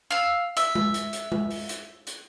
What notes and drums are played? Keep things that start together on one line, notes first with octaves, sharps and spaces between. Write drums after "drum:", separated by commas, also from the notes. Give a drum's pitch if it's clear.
F5 E6
E5, drum: hi-hat
drum: tom G#3
drum: hi-hat
drum: hi-hat
drum: tom G#3
drum: open hi-hat
drum: hi-hat
drum: hi-hat